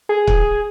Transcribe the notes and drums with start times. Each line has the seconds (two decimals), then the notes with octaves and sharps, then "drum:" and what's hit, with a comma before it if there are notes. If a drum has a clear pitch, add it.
0.09 G#4
0.27 drum: kick